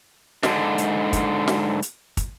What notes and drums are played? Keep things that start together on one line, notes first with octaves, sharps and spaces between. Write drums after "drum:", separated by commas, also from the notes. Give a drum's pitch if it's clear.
G#2 D3, drum: snare
drum: hi-hat
drum: kick, hi-hat
drum: snare
drum: hi-hat
drum: kick, hi-hat